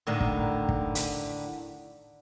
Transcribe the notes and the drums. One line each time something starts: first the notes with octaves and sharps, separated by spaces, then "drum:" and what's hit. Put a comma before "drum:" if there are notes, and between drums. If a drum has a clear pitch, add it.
A2 D3 D#3
drum: kick
drum: kick
drum: hi-hat